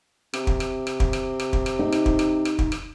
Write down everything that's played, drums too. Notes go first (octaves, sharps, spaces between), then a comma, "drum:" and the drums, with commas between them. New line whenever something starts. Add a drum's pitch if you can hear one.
C3, drum: rim click
drum: kick
drum: rim click
drum: rim click
drum: kick
drum: rim click
drum: rim click
drum: kick
drum: rim click
D#4
drum: rim click
drum: kick
drum: rim click
drum: rim click
drum: kick
drum: rim click